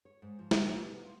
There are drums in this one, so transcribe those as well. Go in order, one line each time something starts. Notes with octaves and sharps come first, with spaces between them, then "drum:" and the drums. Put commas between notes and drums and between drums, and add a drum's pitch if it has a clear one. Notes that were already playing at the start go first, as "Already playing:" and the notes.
C#5
G#2
F3
G4, drum: snare
E3
B2
F4